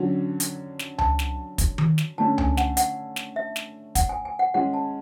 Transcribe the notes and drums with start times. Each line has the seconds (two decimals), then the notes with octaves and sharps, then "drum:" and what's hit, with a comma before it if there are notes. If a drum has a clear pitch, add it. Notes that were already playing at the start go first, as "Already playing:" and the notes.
Already playing: D3 F#3 C#4 F#4
0.40 drum: hi-hat
0.79 drum: snare
0.98 A5, drum: tom C#2
1.19 drum: snare
1.58 drum: kick, hi-hat
1.78 drum: tom D#3
1.98 drum: snare
2.18 D3 A3 C#4 A5
2.38 G#5, drum: tom C#2
2.57 F#5, drum: snare
2.77 F#5, drum: hi-hat
3.16 drum: snare
3.36 E5
3.56 drum: snare
3.95 F#5, drum: kick, hi-hat
4.09 G#5
4.25 G#5
4.39 F#5
4.54 G#3 C#4 G#4 F#5
4.74 A5